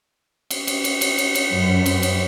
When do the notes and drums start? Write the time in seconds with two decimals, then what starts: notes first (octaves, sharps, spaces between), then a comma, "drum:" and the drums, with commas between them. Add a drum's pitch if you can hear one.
0.51 drum: cymbal
0.67 drum: cymbal
0.84 drum: cymbal
1.01 drum: cymbal
1.18 drum: cymbal
1.35 drum: cymbal
1.52 F#2
1.86 drum: cymbal
2.03 drum: cymbal